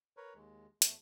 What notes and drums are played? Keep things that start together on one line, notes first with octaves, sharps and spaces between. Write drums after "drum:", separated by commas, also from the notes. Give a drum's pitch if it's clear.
A#4 B4 C#5
D#2 G#3
E2 A3, drum: hi-hat